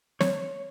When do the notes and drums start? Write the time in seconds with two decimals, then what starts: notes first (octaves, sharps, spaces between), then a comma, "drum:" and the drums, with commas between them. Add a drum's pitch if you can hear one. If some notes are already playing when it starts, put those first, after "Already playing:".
0.21 C#5, drum: snare